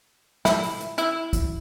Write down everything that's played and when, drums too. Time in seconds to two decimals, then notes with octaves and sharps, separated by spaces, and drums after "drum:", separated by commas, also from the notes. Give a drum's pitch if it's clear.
0.45 E4, drum: snare
0.63 drum: open hi-hat
0.81 drum: hi-hat
0.98 E4, drum: hi-hat
1.33 drum: kick, hi-hat